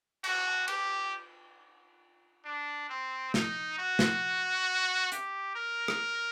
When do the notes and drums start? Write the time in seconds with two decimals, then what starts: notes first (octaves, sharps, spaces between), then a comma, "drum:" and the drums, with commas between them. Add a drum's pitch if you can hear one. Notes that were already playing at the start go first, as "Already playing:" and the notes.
0.24 F#4, drum: cymbal
0.68 G4, drum: cymbal
2.45 D4
2.89 C4
3.34 D#4, drum: snare
3.78 F#4
3.99 drum: snare
5.12 G4, drum: hi-hat
5.55 A#4
5.88 drum: rim click